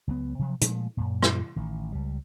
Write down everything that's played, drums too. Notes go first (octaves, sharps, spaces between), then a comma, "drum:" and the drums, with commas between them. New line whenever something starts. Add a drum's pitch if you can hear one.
C#2 F#3 B3
C3 F3 F#3
A#2 F3 G#3 A3, drum: hi-hat
F#2 A#2
drum: rim click
A1 D#3
C#2 G3